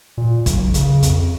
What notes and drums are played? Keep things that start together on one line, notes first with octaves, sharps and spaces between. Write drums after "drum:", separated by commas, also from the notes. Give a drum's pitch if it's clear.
A#2
B1, drum: kick, hi-hat
C#3, drum: hi-hat
F2, drum: hi-hat